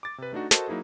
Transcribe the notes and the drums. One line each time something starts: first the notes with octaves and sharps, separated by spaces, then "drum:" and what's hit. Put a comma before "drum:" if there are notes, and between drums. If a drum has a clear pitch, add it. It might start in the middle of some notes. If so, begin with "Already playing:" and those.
D6 A6
C3 B4
A3 D4 D#4 F#4
F#4 A4 A#4 C5 D#5 A5, drum: snare
F#3 A#3 D#4 E4 G#4